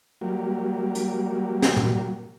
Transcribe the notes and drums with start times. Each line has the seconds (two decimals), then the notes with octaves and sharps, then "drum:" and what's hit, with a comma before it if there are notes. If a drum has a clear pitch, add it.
0.21 F#3 G3 A#3
0.95 drum: hi-hat
1.62 drum: snare
1.77 drum: tom